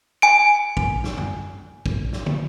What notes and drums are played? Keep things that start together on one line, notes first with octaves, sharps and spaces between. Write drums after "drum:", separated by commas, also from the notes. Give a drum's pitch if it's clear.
G#5 D7
drum: kick
drum: snare
drum: tom F#2
drum: kick
drum: snare
drum: tom